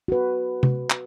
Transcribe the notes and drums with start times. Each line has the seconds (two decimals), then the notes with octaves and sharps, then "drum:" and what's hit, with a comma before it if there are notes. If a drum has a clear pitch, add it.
0.08 F#4 B4
0.63 drum: tom C3
0.90 drum: clap